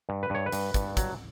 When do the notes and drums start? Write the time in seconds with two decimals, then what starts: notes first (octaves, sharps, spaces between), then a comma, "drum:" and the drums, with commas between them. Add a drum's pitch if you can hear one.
0.09 G2
0.23 B4
0.30 G2 C#5
0.46 B4
0.52 G2, drum: hi-hat
0.74 G2, drum: kick, hi-hat
0.97 F#3, drum: kick, hi-hat